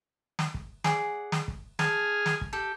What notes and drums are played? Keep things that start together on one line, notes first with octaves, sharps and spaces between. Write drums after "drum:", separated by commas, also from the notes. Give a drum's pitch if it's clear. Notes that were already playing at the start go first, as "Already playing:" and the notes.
drum: snare
drum: kick
G#4 D5 F#5, drum: snare
drum: snare
drum: kick
G#4 G#5 A5 F6, drum: snare
drum: snare
drum: kick
G4 A4